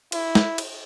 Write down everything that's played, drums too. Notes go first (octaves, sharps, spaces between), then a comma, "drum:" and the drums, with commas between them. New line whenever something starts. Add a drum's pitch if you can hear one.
E4, drum: cymbal
drum: snare
drum: cymbal